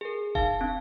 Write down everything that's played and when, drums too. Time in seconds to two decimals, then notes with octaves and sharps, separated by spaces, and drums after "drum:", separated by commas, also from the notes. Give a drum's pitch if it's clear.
0.01 G#4 A#4
0.35 D#4 F5 A5, drum: kick E1
0.61 C4 D4